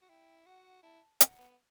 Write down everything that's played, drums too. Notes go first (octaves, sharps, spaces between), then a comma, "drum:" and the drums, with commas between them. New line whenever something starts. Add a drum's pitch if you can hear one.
F#4
E4 G5
F#4 F#5
E4 A5
F#5, drum: hi-hat
B3